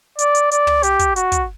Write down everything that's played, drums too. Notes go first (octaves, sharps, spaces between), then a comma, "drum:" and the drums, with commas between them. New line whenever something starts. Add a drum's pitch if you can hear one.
D5, drum: hi-hat
drum: hi-hat
D5, drum: hi-hat
drum: tom
G4, drum: hi-hat
drum: kick, hi-hat
F#4, drum: hi-hat
drum: kick, hi-hat